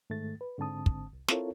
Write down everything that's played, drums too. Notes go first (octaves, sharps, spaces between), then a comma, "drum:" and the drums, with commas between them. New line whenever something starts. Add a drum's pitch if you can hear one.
G#2 D#3 A3 A6
B4
G#2 D3 C4 A5 D#6
drum: kick
C2
C4 E4 F4 A4 A#4 C#5, drum: snare